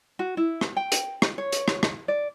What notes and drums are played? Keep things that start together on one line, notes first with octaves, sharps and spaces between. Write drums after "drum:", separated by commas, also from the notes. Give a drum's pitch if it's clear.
F#4
E4
drum: rim click
G5
drum: hi-hat
drum: rim click
C#5
drum: hi-hat
drum: rim click
drum: rim click
D5